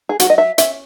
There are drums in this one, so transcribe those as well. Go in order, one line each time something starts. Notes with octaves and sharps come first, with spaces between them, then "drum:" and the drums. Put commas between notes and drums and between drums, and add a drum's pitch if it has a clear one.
G#4
F#3 F#4, drum: hi-hat
D#5
E5
C#4 E5, drum: hi-hat